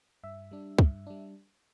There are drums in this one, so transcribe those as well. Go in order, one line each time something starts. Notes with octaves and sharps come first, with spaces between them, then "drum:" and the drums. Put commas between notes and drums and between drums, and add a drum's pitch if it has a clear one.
G2 E5
G3 D4
G2, drum: kick
G3 D4